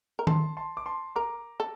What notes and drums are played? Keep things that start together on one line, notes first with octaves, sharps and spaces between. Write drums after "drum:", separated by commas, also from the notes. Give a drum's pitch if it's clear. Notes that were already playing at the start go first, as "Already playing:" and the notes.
A#4
A4 A5 C6, drum: tom D#3
A5 C6
D6
A5 C6
A#4 A#5 D6
A4